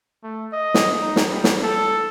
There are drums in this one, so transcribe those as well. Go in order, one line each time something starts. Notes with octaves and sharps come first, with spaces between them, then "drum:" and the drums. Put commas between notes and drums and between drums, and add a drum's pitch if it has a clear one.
A3
D#5
drum: snare
D#4
drum: snare
G3
drum: snare
A4